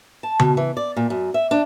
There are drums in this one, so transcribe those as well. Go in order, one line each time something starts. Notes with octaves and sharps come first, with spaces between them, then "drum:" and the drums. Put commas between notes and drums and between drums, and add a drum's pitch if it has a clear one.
A5
B2, drum: tom C#3
E3
D5
A#2
F#2
E5
D4